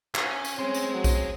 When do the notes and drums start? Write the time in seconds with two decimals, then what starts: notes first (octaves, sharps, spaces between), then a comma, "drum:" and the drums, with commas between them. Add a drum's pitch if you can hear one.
0.15 C#4 C#5, drum: clap
0.45 drum: tambourine
0.59 C4 C#4 G#4 C6
0.74 drum: tambourine
0.94 F#3
1.04 drum: kick A#1, tambourine